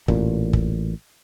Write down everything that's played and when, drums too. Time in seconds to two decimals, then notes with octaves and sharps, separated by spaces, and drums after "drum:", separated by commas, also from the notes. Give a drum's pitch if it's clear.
0.08 A1 A#2, drum: kick
0.53 drum: kick